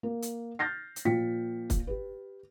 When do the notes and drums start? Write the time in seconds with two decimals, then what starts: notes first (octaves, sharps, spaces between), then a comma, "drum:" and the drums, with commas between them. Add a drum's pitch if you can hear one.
0.03 A#3
0.22 drum: hi-hat
0.59 F6 G6 A6 A#6 C7
0.96 drum: hi-hat
1.05 A#2 F3 G5 B6 C#7
1.70 drum: kick, hi-hat
1.87 G4 B4